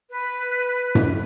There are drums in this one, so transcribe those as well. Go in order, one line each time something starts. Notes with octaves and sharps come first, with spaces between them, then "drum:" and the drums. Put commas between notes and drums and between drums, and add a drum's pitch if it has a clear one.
B4
drum: tom F#2